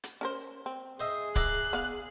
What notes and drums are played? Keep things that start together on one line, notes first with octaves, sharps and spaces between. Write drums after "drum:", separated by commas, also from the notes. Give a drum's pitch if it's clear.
drum: hi-hat
C#4 A#4 C5
C4
G#4 C5 D#5 E5
E5 A#5 D6 F#6, drum: kick D1, hi-hat
B3 F5